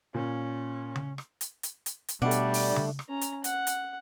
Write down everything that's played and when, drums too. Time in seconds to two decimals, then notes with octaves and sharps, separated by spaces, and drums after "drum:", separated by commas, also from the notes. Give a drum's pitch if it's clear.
0.14 A#2 C#4
0.96 drum: tom C#3
1.18 drum: rim click
1.41 drum: hi-hat
1.63 drum: hi-hat
1.86 drum: hi-hat
2.08 drum: hi-hat
2.22 B2 G3 A3 D4 F#5
2.31 drum: hi-hat
2.54 drum: open hi-hat
2.76 drum: tom C#3
2.99 drum: rim click
3.09 C#4 A#5
3.21 drum: hi-hat
3.44 F#5, drum: hi-hat
3.67 drum: hi-hat